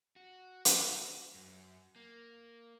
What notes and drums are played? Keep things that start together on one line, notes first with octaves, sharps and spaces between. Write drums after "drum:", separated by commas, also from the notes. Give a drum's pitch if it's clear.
F#4
drum: hi-hat
F#2
A#3